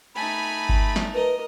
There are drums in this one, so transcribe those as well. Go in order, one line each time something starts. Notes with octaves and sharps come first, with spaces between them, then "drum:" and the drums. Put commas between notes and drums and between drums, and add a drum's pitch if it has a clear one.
A3 D#4 G#5 B5
drum: kick G1
drum: snare
A#4 B4 D#5